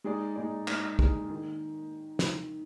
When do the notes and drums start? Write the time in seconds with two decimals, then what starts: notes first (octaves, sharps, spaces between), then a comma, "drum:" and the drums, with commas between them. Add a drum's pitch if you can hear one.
0.04 G#3 D#4 G#4 D5
0.36 G#3 D#4 G#4 D5
0.68 G#3 D#4 G#4 D5, drum: clap
0.99 G#3 D#4 G#4 D5, drum: kick
1.30 D#3
2.19 drum: snare